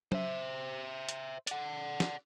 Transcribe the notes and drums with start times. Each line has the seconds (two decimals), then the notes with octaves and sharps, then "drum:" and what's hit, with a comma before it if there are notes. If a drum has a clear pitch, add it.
0.12 C5 E5, drum: tom F#3
1.09 drum: hi-hat
1.47 D5 F#5, drum: hi-hat
2.00 drum: snare